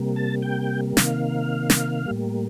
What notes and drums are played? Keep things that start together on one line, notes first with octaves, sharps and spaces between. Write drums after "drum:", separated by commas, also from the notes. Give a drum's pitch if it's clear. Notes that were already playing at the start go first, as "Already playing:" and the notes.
Already playing: C3 G3 A#3
A5
G5
C3 D#3 A#3 F5, drum: snare
drum: snare
A2 G3 A#3